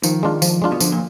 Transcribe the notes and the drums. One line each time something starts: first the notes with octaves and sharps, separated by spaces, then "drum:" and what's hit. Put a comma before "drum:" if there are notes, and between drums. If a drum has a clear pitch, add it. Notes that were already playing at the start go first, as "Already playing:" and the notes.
D#3 F3, drum: tambourine
G#3 D4 F4
F3, drum: tambourine
G#3 D4 F4
B2
D3 F3, drum: tambourine
A#2